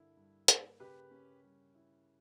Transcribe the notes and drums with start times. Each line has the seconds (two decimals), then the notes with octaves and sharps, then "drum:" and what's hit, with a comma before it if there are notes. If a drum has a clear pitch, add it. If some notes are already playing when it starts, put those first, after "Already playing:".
Already playing: G2 D3 A#3 E4
0.17 G2
0.48 A#3, drum: hi-hat
0.80 C#3 G4 B4
1.11 C#4
1.44 G3
1.75 E4